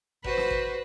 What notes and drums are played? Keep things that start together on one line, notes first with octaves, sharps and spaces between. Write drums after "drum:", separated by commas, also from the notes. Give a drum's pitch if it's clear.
F#4 B4 C5, drum: kick G#1
drum: snare
drum: kick G#1